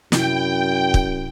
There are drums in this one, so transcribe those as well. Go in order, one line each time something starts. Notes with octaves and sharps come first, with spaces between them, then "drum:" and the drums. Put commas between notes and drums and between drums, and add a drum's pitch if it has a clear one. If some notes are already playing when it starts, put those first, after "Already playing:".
F#2 C3 E4 G5, drum: snare
drum: kick